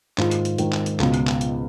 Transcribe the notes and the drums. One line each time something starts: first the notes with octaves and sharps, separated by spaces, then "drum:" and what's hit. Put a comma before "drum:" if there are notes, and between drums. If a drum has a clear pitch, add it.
G#2 D#3 F4, drum: clap
drum: hi-hat
drum: hi-hat
G#2 D#3, drum: hi-hat
drum: clap
drum: hi-hat
C#2 B2, drum: clap
drum: hi-hat
drum: clap
drum: hi-hat